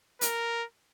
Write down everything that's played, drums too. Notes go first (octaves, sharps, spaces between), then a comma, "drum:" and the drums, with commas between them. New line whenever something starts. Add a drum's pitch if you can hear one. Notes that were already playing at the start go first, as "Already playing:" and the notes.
A#4, drum: hi-hat